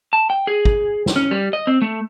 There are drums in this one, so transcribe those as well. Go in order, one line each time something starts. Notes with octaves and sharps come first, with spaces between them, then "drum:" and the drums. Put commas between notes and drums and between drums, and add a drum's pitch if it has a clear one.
A5
G5
G#4
drum: kick
drum: snare
C#4
G3
D#5
C4
A3